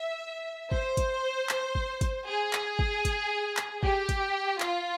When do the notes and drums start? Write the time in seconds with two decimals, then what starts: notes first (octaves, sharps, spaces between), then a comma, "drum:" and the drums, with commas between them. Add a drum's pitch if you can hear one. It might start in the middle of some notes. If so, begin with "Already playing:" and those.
Already playing: E5
0.72 C5, drum: kick
0.97 drum: kick, hi-hat
1.49 drum: clap
1.75 drum: kick
2.01 drum: kick, hi-hat
2.26 G#4
2.53 drum: clap
2.79 drum: kick
3.05 drum: kick, hi-hat
3.57 drum: clap
3.83 G4, drum: kick
4.09 drum: kick, hi-hat
4.60 F4, drum: clap